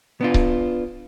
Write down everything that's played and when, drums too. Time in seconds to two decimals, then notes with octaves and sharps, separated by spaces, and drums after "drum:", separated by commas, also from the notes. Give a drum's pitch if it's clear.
0.21 B3 D4 F4
0.34 drum: kick C#1